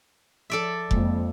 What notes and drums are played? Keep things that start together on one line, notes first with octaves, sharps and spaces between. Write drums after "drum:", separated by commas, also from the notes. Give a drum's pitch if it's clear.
F3 A4 C#5 D5 E5
F2 G#3 A#3, drum: kick F1